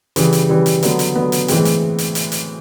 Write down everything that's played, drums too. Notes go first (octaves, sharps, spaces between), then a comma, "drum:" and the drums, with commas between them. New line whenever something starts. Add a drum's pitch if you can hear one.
C#3 E3 G3, drum: hi-hat
drum: hi-hat
C#3 E3 G3
drum: hi-hat
D3 F#3 B3, drum: hi-hat
drum: hi-hat
D3 F#3 B3
drum: hi-hat
A2 E3 G#3 C4, drum: hi-hat
drum: hi-hat
drum: hi-hat
drum: hi-hat
drum: hi-hat